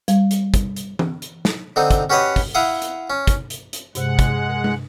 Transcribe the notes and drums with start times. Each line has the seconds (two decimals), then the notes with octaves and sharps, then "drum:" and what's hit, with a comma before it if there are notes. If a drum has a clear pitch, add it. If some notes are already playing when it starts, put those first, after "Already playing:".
0.08 G3, drum: hi-hat
0.31 drum: hi-hat
0.54 drum: kick, hi-hat
0.76 drum: hi-hat
0.99 drum: tom E3
1.22 drum: hi-hat
1.45 drum: snare
1.76 D3 C4 D#4
1.91 drum: kick, hi-hat
2.10 C#4 F#4 G4 B4 C#5 D#5
2.36 drum: kick, open hi-hat
2.55 E4 F5 F#5 D#6
2.82 drum: hi-hat
3.10 C#4
3.27 drum: kick, hi-hat
3.50 drum: hi-hat
3.73 drum: hi-hat
3.95 G2 C3 G#3 F#5, drum: hi-hat
4.19 drum: kick, hi-hat
4.49 A#4
4.64 drum: tom G#3